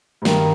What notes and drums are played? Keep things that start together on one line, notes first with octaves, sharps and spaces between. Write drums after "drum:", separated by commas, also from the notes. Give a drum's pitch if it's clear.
G#2
G2 D#3, drum: snare